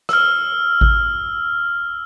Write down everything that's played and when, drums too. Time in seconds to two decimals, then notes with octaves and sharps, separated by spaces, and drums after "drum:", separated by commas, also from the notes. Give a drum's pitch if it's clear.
0.09 E6 F6, drum: rim click
0.81 drum: kick G#1